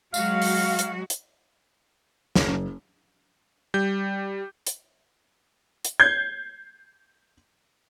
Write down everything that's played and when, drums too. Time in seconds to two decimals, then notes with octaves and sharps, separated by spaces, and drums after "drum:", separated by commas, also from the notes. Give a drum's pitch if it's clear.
0.14 F#3 G#3 F#4 F5, drum: tambourine
0.42 drum: open hi-hat
0.79 drum: hi-hat
1.10 drum: hi-hat
2.36 F#1, drum: snare
3.74 G3 G6
4.67 drum: hi-hat
5.85 drum: hi-hat
6.00 G6 G#6 C7